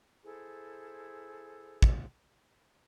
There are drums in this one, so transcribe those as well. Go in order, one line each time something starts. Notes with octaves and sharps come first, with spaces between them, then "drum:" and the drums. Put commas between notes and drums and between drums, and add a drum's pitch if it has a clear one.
E4 G#4 A4 C5
drum: kick